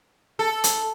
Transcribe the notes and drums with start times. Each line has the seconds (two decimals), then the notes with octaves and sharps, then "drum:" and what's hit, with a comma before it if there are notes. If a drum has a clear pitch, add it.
0.39 A4
0.64 drum: hi-hat